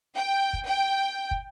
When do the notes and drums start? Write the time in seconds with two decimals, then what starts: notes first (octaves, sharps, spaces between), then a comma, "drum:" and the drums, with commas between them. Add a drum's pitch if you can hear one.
0.14 G5
0.53 drum: kick
0.66 G5
1.31 drum: kick